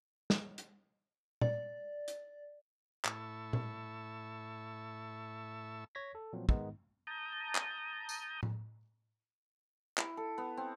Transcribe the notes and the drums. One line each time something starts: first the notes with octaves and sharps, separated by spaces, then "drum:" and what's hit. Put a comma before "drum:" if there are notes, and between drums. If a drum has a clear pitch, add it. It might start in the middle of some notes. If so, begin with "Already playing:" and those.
drum: snare
drum: hi-hat
D5, drum: tom A#2
drum: hi-hat
A2 E4 A5 C#6 E6, drum: clap
drum: tom A#2
C#5 G#6 A#6 B6
A4
A#2 F3 F#3 B3 C4
G#2 D#3 G#3 B3 D#4, drum: kick
A5 A#5 D#6 G6
drum: clap
drum: tambourine
drum: tom A2
E4, drum: clap
A4
B3
C4